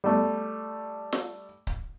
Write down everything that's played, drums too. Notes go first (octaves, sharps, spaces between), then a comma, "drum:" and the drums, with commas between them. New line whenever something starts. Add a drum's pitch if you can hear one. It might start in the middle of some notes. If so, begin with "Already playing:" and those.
G3 A3
drum: snare
drum: kick C#1